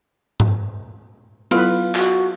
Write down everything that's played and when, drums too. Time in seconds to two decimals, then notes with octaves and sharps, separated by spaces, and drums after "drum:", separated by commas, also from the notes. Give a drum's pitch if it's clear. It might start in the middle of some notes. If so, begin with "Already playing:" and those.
0.40 drum: tom G#2
1.51 F#3 B3 E4 F4 A4 B4, drum: cymbal
1.95 F#4, drum: clap